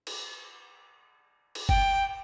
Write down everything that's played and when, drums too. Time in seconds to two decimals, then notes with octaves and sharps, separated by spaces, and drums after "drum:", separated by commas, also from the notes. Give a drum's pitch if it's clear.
0.07 drum: cymbal
1.55 drum: cymbal
1.69 G5, drum: kick F#1